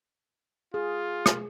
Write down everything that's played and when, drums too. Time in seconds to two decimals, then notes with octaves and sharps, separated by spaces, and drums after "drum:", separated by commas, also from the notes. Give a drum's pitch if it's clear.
0.74 F4 G#4
1.26 drum: rim click